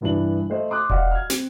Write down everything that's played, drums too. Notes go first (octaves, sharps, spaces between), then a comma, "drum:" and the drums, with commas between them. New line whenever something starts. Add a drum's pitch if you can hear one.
C2 G2 E3 D4 F#7
A3 C5 D#5
C6 D6 D#6 F#6
D5 D#5 F5 F#5, drum: kick E1
F6 G#6
C4, drum: snare